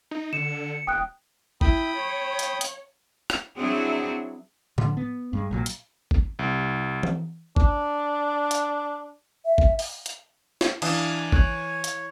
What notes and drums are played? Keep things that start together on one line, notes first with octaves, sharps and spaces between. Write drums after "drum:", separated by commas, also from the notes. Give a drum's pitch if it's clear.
D#4
D3 C#7 E7
E1 G5 D#6 F#6
E4 G5 B5 D#6, drum: kick G#1
C#5
drum: hi-hat
drum: hi-hat
drum: rim click
F#3 C4 D4 E4 F#4 G#4
D3, drum: tom A2
B3
G2 G#3
A#1 A#2 F#3
drum: hi-hat
drum: kick G#1
C2
drum: tom E3
D4, drum: kick G#1
drum: hi-hat
E5
drum: kick G#1
drum: open hi-hat
drum: hi-hat
drum: snare
E3 D4 F5 G#5 D#6, drum: cymbal
C#5 F#6, drum: kick G#1
drum: hi-hat